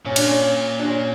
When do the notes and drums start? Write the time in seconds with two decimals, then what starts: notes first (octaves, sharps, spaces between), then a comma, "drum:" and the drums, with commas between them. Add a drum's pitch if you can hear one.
0.05 A#2 C#4
0.16 D4, drum: cymbal
0.27 C#4
0.79 D4
0.85 C#4